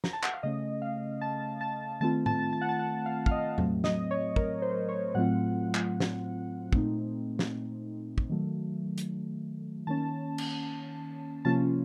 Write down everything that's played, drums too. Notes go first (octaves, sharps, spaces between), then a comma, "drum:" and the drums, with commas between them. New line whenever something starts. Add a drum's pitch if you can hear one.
A#5, drum: snare
A5
F#5, drum: clap
F5
C#3 A3 C#4 D#5
F5
A5
A5
D#3 A3 C4 F4 A5
A5, drum: tom A2
A5
F#5
A5
F#5
F5
F5, drum: kick
D#5
A2 F#3 A3 C4, drum: tom E2
D#5, drum: snare
C#5
A#4, drum: kick
C5
C#5
A2 F#3 A3 C4 F4 F#5
drum: clap
drum: snare
A#2 A3 C4 D#4, drum: kick
drum: snare
drum: kick
D#3 F#3 A3
drum: hi-hat
D#3 A#3 C#4 A5
drum: cymbal
C3 F3 A#3 C#4 F4 A5